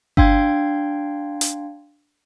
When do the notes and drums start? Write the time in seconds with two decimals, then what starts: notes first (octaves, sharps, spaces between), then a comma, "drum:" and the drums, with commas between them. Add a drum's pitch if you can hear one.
0.17 D4 F5 G5 C6 G#6, drum: kick G1
1.41 drum: hi-hat